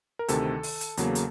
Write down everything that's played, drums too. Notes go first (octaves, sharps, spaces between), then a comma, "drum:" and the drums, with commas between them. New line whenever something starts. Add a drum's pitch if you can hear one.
A#4
D2 C3 D#3 A4, drum: hi-hat
drum: open hi-hat
drum: hi-hat
E2 C#3 F#3 A#3, drum: hi-hat
drum: hi-hat